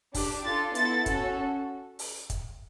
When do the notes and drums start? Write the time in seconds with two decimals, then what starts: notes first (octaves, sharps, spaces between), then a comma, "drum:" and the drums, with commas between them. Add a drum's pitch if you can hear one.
0.14 D4 G4, drum: kick, open hi-hat
0.45 D4 F4 A4 A6
0.75 B3 E4 A4 A6, drum: hi-hat
1.06 C#4 F#4 A4, drum: kick, hi-hat
1.99 drum: open hi-hat
2.30 drum: kick, hi-hat